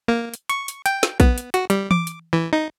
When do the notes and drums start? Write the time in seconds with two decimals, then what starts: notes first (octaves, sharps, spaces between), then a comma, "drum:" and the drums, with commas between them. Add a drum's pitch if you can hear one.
0.08 A#3
0.34 drum: hi-hat
0.49 C#6, drum: hi-hat
0.68 drum: hi-hat
0.86 G5, drum: hi-hat
1.03 drum: snare
1.20 B3, drum: kick A#1, hi-hat
1.38 drum: hi-hat
1.54 F#4, drum: hi-hat
1.70 G3, drum: hi-hat
1.91 D6, drum: tom E3
2.07 drum: hi-hat
2.33 E3
2.53 D#4